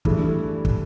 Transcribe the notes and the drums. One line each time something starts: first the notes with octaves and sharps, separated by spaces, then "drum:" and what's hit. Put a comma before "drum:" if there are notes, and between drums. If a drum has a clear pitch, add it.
G2 E3 A3, drum: kick
drum: kick